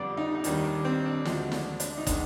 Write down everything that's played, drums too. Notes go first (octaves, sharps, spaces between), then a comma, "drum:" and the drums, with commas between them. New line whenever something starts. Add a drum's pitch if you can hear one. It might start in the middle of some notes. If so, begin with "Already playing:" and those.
Already playing: F2 D3 G3 B3 D5
D#4
D#4
D#2 D#3 G3 D4, drum: hi-hat
D4
C4
D4
D2 D3 F3 G#3, drum: snare
D4, drum: snare
D4, drum: hi-hat
D#4
D#3 G#3 B3 D4, drum: kick, hi-hat